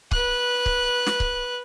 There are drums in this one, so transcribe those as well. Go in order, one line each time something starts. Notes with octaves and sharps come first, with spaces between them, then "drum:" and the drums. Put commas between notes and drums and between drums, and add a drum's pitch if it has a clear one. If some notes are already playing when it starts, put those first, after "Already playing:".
B4 F#6, drum: kick C#1
drum: kick C#1
drum: snare
drum: kick C#1